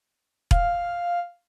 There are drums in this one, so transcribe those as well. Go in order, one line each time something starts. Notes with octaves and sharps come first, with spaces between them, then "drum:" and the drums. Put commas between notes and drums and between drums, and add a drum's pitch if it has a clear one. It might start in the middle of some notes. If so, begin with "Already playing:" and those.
F5, drum: kick E1